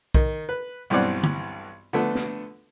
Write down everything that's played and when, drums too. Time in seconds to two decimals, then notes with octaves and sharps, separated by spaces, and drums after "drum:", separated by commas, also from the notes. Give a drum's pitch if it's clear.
0.15 D#3, drum: kick
0.49 B4
0.90 B1 G2 E3 C4 D5 F#5
1.23 drum: tom
1.93 D3 F3 A3 B3 D4 A4
2.15 drum: snare